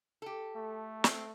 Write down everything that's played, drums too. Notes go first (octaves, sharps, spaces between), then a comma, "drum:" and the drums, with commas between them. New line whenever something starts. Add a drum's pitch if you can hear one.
G4 A4
A3
C4, drum: snare